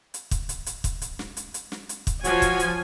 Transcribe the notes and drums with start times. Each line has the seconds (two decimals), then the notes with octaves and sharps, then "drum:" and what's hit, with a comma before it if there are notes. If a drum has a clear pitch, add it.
0.14 drum: hi-hat
0.31 drum: kick, hi-hat
0.49 drum: hi-hat
0.66 drum: hi-hat
0.84 drum: kick, hi-hat
1.02 drum: hi-hat
1.19 drum: snare
1.37 drum: hi-hat
1.54 drum: hi-hat
1.72 drum: snare
1.89 drum: hi-hat
2.07 drum: kick, hi-hat
2.24 F3 F#4 C#5 G#5, drum: hi-hat
2.42 drum: kick, hi-hat
2.59 drum: hi-hat